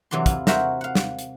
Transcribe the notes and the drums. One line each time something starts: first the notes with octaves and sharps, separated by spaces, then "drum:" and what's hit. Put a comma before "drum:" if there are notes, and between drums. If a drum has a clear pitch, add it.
C3 E3 F#3 D5 C6
E4 F4, drum: kick, hi-hat
E4 F#4 A#4 C5 E5 A#5, drum: snare
F5 F#5
drum: snare
drum: hi-hat